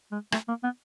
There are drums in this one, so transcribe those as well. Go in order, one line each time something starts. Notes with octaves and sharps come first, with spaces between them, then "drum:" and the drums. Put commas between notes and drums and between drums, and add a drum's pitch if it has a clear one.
G#3
A3, drum: rim click
A#3
B3